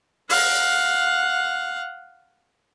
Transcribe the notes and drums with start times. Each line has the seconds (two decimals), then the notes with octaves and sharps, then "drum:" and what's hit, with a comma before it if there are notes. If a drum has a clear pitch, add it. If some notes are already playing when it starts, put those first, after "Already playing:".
0.30 F5 F#5, drum: open hi-hat